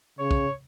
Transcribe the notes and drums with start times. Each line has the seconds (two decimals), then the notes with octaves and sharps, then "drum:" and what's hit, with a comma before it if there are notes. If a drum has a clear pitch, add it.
0.19 C#3 C#5
0.31 drum: kick